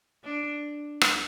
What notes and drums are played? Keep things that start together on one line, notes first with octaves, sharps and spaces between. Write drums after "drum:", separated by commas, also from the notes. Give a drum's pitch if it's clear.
D4
drum: rim click